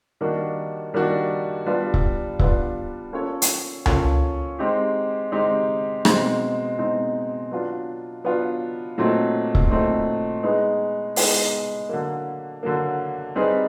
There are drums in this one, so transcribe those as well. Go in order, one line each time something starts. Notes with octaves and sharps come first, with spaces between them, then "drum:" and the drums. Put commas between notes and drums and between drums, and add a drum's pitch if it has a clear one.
D#3 G3 A#3 D4 F#4
D#3 G3 A#3 D4 F#4
G3 B3 D4 F4
drum: kick C#1
G3 B3 D4 F4, drum: kick C#1
A#3 C#4 F4 A4 C#5
drum: hi-hat
A#3 C#4 F4 A4 C#5, drum: tom C#2
G#3 C4 D#4 G4
G#3 C4 D#4 G4
B2 G#3 C4 D#4, drum: rim click
B2 G#3 C4 D#4
F#3 B3 D4 F4
F#3 B3 D4 F4
A#2 F#3 A3 C4 D#4
drum: kick C#1
A#2 F#3 A3 C4 D#4
G#3 B3 D#4 G#4
G#3 B3 D#4 G#4, drum: open hi-hat
D3 F#3 A#3
D3 F#3 A#3
G3 C4 D#4 G#4 B4